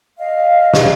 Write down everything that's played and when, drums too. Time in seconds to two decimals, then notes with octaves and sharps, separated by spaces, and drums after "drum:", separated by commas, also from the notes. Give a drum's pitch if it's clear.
0.18 D#5 F5
0.74 drum: snare